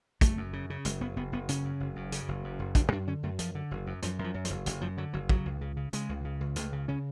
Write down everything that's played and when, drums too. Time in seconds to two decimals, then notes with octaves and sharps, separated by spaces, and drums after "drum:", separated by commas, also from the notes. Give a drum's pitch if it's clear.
0.21 F#1 A3, drum: kick, hi-hat
0.37 F#2
0.53 C#3
0.70 C#3
0.85 F#1 G#3, drum: hi-hat
1.00 F#1 B3
1.16 F#1 B3
1.32 F#1 B3
1.49 C#3 C#4, drum: hi-hat
1.64 F#2
1.80 F#1
1.96 F#2
2.12 C#3, drum: hi-hat
2.28 F#1
2.44 F#2
2.59 F#1
2.75 F#1 D4, drum: kick, hi-hat
2.92 F#2 D4
3.07 D3 C#4
3.23 F#2 A3
3.39 F#2 F3, drum: hi-hat
3.55 D3
3.71 F#1
3.87 F#2
4.02 F#2 F3, drum: hi-hat
4.19 F#2
4.24 F3
4.34 F#2
4.45 F3, drum: hi-hat
4.50 F#1
4.66 F#1 D3, drum: hi-hat
4.81 F#2 F3
4.97 D3 F#3
5.13 F#1 F#3
5.29 C#3 F#3, drum: kick
5.46 C#2
5.61 C#3
5.77 C#3
5.93 C#3 G#3, drum: hi-hat
6.09 C#2
6.25 C#3
6.41 C#2
6.56 C#2 A3, drum: hi-hat
6.73 C#3
6.88 C#3 C#4